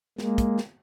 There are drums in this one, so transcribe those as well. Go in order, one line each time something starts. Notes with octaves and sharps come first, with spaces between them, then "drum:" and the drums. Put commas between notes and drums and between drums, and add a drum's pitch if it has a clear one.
G#3 A#3, drum: snare
drum: kick, hi-hat
drum: snare